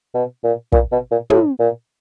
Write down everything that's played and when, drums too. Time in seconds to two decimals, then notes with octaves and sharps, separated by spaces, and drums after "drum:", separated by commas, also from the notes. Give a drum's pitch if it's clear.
0.14 B2
0.44 A#2
0.72 A#2, drum: kick
0.92 B2
1.11 A#2
1.30 A2, drum: tom
1.59 A#2